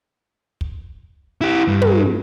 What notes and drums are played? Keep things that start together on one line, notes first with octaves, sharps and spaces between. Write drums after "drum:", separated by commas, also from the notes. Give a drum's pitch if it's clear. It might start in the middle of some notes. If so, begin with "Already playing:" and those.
drum: kick
E4 G4
G2
drum: tom